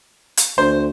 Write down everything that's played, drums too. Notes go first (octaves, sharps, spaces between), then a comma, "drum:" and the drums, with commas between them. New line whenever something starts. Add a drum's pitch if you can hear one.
drum: hi-hat
D2 C5